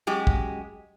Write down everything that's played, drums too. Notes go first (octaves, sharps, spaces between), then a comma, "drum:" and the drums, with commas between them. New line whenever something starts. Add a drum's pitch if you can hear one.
F#2 G#3 G4
drum: kick